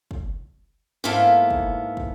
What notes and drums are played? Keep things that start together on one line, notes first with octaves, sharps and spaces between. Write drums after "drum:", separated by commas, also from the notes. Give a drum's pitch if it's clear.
drum: kick
G#2 A#3 B3 E4 A4 F5
drum: kick
drum: kick